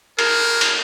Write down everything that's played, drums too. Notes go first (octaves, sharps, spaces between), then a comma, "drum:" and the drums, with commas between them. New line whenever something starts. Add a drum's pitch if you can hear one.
G#4 A#4 F6, drum: cymbal
drum: cymbal